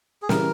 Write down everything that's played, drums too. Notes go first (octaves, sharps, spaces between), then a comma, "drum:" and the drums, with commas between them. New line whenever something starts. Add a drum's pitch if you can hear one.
G#4
C#3 E3 G3 A#4, drum: snare